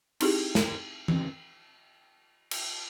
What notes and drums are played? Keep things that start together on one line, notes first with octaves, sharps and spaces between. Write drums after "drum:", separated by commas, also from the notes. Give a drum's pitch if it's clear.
C4 D#4 E4 G4 G#4, drum: cymbal
drum: snare
drum: tom E3
drum: cymbal